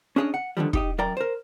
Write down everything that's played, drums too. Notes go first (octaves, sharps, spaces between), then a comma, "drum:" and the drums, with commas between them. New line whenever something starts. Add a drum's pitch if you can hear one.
C#4 D4 G#4 C#5 D#5
F#5
D3 D#3 F3 G3
D#4 G4 D#5, drum: kick
F#2 A#4 D5 G5 A#5
A#4 C5